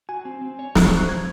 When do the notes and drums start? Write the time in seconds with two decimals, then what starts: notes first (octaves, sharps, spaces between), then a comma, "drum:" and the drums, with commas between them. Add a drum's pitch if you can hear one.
0.09 F#4 G#5
0.25 C4
0.41 C4
0.59 C#5
0.75 C4 A#5, drum: snare
0.86 C#6
0.92 C5 F#6
1.08 F3 G#6